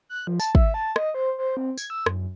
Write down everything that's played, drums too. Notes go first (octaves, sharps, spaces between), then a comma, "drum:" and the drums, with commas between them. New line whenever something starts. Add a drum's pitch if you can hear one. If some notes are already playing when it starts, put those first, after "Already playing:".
F#6
F3
A5, drum: tambourine
E5, drum: kick
A5
D#5, drum: rim click
C5
C5
C4
G#6, drum: tambourine
E6
F#2, drum: rim click